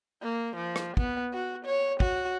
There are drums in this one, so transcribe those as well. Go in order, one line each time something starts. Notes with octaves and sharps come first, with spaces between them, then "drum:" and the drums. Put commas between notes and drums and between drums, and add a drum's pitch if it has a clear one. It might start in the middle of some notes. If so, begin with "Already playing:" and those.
A#3
F3
drum: rim click
B3, drum: kick
F#4
C#5
F#4, drum: kick